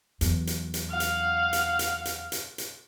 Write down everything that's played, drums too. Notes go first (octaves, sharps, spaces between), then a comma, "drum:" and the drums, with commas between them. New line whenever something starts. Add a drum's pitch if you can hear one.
E2 F#3, drum: hi-hat
drum: hi-hat
drum: hi-hat
F5 F#5
drum: hi-hat
drum: hi-hat
drum: hi-hat
drum: hi-hat
drum: hi-hat
drum: hi-hat